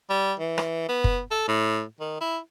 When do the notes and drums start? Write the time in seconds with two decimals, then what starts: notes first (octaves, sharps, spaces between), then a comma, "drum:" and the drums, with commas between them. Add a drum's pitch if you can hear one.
0.10 G3
0.40 E3
0.58 drum: rim click
0.89 B3
1.04 drum: kick
1.31 A4
1.48 A2
2.00 D#3
2.21 E4